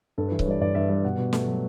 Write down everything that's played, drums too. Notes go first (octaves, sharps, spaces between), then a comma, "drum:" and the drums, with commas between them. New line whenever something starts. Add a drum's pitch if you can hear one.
G2 A4
B4
E3
C#5, drum: kick C#1
G3 D5
G2 D5
G2 E5
G3 E5
B2 F#5
B2
A3, drum: snare
F#3